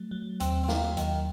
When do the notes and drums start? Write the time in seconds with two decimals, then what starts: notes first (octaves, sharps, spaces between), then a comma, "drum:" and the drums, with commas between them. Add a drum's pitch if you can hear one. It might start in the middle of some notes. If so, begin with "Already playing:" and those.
Already playing: F#3 A3
0.11 F#3
0.40 D#2 C4, drum: hi-hat
0.64 C4
0.69 F#3 A#3, drum: snare
0.97 D#2 D#3, drum: hi-hat